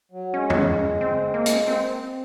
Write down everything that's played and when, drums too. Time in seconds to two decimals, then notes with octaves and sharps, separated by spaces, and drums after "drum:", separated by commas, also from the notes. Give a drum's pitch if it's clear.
0.11 F#3
0.33 G#3 C#4
0.50 drum: tom
1.01 C4
1.34 A#3
1.46 drum: hi-hat
1.68 C4